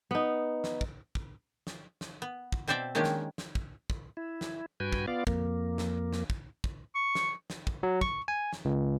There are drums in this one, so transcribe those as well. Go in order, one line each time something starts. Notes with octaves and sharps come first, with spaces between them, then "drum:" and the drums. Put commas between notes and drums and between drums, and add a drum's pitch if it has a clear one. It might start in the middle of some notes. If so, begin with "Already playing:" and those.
B3 D#4
drum: snare
drum: kick
drum: kick
drum: snare
drum: snare
B3
drum: kick
B2 C4 C5 D5 E5 G5
D#3 G#3 A#3 C#4 D4 G4
drum: snare
drum: snare
drum: kick
drum: kick
E4
drum: snare
G2 F#4 B4 G5 G#5
drum: kick
B3 F4 D5 F5
F2 A#3, drum: kick
drum: snare
drum: snare
drum: kick
drum: kick
C#6
drum: snare
drum: snare
drum: kick
F#3
C#6, drum: kick
G#5
drum: snare
C#2